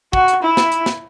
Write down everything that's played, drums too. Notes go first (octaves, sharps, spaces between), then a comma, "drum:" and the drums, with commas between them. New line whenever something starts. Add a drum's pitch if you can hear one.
F#4, drum: kick
drum: hi-hat
E4
drum: snare
drum: hi-hat
drum: snare